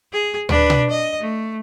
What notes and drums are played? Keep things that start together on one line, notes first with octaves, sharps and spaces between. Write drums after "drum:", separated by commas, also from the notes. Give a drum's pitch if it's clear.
G#4
D4 B4, drum: tom
drum: tom B2
D#5
A3